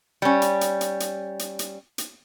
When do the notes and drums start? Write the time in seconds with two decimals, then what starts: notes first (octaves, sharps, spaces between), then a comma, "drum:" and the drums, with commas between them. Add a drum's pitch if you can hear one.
0.22 G3 C#4
0.42 drum: hi-hat
0.61 drum: hi-hat
0.81 drum: hi-hat
1.00 drum: hi-hat
1.39 drum: hi-hat
1.59 drum: hi-hat
1.98 drum: hi-hat